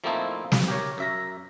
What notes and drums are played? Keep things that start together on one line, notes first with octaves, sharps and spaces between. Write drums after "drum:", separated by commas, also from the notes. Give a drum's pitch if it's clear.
F3 A3 A#3 C4 D#4 E4
drum: snare
G4 A#4 C#5
F#2 E5 A#5